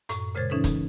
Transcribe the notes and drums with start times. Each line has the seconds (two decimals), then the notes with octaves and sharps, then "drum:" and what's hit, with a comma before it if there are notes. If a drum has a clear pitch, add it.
0.09 F#2 A2, drum: hi-hat
0.35 A#2 C#3 G#3 C5 G#6 A6
0.50 E3 C#4 D#4 A4 B4
0.64 drum: kick, hi-hat